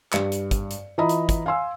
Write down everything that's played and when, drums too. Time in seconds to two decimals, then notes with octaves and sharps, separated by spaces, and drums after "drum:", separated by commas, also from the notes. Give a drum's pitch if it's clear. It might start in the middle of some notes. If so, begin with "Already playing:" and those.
0.13 G2 C#7, drum: clap
0.32 drum: hi-hat
0.51 drum: kick, hi-hat
0.71 drum: hi-hat
0.98 E3 F4 D#5 A#5 B5 D#6
1.09 drum: hi-hat
1.29 drum: kick, hi-hat
1.46 F5 G#5 C6 E6